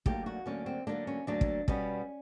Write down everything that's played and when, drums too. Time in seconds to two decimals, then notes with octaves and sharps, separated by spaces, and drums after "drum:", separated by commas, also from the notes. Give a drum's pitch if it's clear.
0.06 D2 D3 F#3 A#3 G4, drum: kick
0.26 F#4
0.46 D2 D3 F#3 A#3 C#4
0.66 C4
0.87 D2 D3 F#3 A#3 D4
1.07 C#4
1.27 D2 D3 F#3 A#3 D4
1.41 drum: kick
1.68 B2 G3 B3 C#4, drum: kick